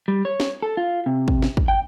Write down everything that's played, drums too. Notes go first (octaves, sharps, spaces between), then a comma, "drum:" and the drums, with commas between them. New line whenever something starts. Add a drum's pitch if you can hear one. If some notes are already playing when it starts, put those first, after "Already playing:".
G3
C#5
drum: snare
A4
F4
C3
drum: kick
drum: snare
drum: kick
G5